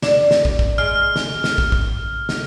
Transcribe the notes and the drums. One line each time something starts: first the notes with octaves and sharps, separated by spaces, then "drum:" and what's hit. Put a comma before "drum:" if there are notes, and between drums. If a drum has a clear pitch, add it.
D4, drum: snare
drum: snare
drum: kick
drum: kick
G#3 F6
drum: snare
drum: snare
drum: kick
drum: kick
drum: snare